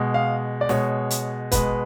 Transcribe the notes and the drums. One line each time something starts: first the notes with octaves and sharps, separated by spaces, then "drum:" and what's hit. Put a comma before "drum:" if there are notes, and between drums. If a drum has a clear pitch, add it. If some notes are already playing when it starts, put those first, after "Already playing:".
Already playing: B2 G#3
F5
D5
B2 G#3 C#5, drum: snare
drum: hi-hat
B2 G#3 B4, drum: kick, hi-hat